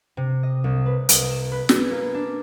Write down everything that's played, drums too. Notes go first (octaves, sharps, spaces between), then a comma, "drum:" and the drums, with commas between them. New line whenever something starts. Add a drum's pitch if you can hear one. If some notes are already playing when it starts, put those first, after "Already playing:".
C3
D#5
C2
B4
C2, drum: hi-hat
E7
B4
G#5, drum: snare
A#3
D4